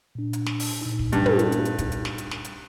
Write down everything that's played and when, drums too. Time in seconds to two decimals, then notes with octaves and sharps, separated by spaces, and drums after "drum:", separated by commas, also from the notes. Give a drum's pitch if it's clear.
0.15 A#2 D4
0.33 drum: hi-hat
0.46 drum: snare
0.60 drum: open hi-hat
0.81 A#2 D#4
0.99 drum: kick
1.12 G2, drum: hi-hat
1.26 drum: tom
1.39 drum: hi-hat
1.52 drum: hi-hat
1.65 drum: hi-hat
1.78 drum: kick, hi-hat
1.92 drum: hi-hat
2.05 drum: snare
2.18 drum: hi-hat
2.31 drum: snare
2.45 drum: hi-hat